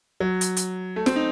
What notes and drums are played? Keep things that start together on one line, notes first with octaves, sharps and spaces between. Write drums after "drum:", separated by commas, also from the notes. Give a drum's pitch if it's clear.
F#3
drum: hi-hat
drum: hi-hat
A3
C4, drum: snare
D#4